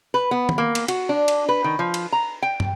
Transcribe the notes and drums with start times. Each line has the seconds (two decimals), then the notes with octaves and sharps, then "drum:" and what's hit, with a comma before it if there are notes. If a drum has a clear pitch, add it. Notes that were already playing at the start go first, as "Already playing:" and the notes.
0.14 B4
0.31 B3
0.49 drum: tom D#3
0.58 A#3
0.75 drum: cymbal
0.88 F#4, drum: cymbal
1.09 D4
1.28 drum: cymbal
1.49 B4
1.64 D#3
1.79 F3
1.94 drum: cymbal
2.12 A#5
2.42 G5
2.60 drum: tom